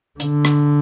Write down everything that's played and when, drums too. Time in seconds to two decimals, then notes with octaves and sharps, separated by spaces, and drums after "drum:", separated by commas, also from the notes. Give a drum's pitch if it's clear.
0.20 D3, drum: hi-hat
0.45 drum: rim click